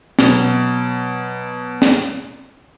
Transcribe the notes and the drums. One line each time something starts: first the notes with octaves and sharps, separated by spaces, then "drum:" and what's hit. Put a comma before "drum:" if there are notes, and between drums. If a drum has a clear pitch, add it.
B2 F#3, drum: snare
drum: snare